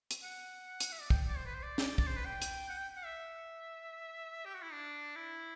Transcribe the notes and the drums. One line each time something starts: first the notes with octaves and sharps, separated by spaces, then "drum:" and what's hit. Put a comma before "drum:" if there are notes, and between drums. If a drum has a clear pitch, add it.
drum: hi-hat
F#5
drum: hi-hat
E5
D5
G5, drum: kick
D5
C5
B4
C5
D5
drum: snare
D5, drum: kick
C5
B4
G5
drum: hi-hat
F#5
G5
F#5
E5
G4
F#4
E4
D4
E4